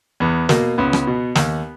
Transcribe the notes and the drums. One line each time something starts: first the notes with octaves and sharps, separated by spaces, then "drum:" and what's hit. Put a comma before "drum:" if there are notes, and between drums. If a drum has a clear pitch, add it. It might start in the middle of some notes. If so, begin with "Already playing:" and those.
E2 B3
B2 A#3, drum: snare
C#2 B3
drum: rim click
B2
D#2, drum: snare